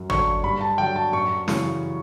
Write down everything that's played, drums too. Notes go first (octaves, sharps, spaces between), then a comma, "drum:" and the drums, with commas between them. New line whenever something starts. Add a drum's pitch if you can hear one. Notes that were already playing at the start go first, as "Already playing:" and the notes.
Already playing: F#2
D3 F#3 C#6, drum: tom
G2 B5
A5
D3 F#3 G5
A5
F#2 C#6
C#3 E3, drum: snare